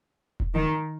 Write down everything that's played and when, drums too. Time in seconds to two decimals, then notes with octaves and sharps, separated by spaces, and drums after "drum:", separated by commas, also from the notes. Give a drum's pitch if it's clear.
0.40 drum: kick E1
0.54 D#3